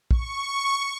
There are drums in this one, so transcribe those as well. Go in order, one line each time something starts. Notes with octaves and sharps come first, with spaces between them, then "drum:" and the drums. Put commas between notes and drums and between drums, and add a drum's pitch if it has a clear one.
C#6, drum: kick A#1